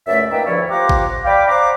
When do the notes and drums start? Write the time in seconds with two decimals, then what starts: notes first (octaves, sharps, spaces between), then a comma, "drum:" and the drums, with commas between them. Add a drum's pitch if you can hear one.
0.07 C#2 F#2 A3 D5 E5
0.31 A#3 D#4 B4 D5 E5 G5
0.46 D2 G2 F3 E4 C#5 D5
0.69 F4 G4 C5 F#5 A#5 D6
0.89 drum: kick A1
1.24 D5 F5 G5 B5 D6
1.48 C5 D5 F5 F#5 A#5 D6